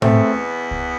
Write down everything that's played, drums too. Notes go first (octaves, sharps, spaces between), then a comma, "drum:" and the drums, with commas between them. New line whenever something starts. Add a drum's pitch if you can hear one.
E2 B2 A3 B3 C4, drum: tom A2
drum: kick C2